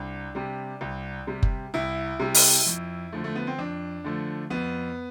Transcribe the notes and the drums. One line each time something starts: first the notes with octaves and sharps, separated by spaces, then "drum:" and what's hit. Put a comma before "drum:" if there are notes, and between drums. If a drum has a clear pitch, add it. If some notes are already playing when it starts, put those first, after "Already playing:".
Already playing: C2 D4
C3 G3
C2
C3 G3
drum: kick F#1
C2 E4
C3 G3
drum: open hi-hat
F2
D3 F3 A3
A3
B3
C4
F2 D4
D3 F3 A3
F2 B3